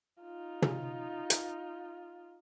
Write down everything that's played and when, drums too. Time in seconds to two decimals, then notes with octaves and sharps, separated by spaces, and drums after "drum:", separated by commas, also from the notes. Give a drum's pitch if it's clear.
0.22 D#4 F4
0.62 drum: tom
1.30 drum: hi-hat